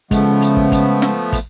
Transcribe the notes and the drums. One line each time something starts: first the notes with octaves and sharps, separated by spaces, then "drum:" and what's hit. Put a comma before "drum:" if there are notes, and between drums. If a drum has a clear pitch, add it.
C#3 F3 G#3 A3 B3, drum: kick, hi-hat
drum: hi-hat
drum: kick
drum: kick, hi-hat
drum: snare
drum: kick, hi-hat